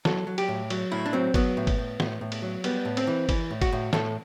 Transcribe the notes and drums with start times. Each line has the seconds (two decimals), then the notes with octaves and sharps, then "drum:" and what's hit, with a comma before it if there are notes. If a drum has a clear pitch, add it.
0.05 F#3 A4, drum: snare
0.27 F#3
0.38 G4, drum: cymbal
0.48 A2
0.70 F#3, drum: cymbal
0.92 A2 E4
1.06 D4
1.13 F#3 C4
1.34 F#3 B3, drum: kick G1, cymbal
1.57 A2
1.67 drum: kick G1, cymbal
1.78 A2
2.00 A2, drum: snare
2.21 A2
2.32 drum: cymbal
2.42 F#3
2.64 G3 B3, drum: cymbal
2.85 A2
2.97 C4, drum: cymbal
3.07 E3
3.29 E3, drum: kick G1, cymbal
3.51 A2
3.61 F#4, drum: kick G1, cymbal
3.72 A2
3.93 A2 A4, drum: snare